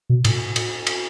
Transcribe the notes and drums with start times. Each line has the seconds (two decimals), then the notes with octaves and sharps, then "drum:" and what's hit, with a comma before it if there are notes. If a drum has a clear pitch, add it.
0.10 B2
0.25 A2, drum: cymbal
0.56 drum: cymbal
0.87 drum: cymbal